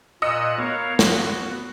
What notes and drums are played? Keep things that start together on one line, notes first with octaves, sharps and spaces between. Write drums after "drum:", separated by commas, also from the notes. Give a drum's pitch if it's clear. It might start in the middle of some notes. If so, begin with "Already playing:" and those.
A#2 D#5 E6 F#6 C#7
B3 A#4 C#5 F5
F#4, drum: snare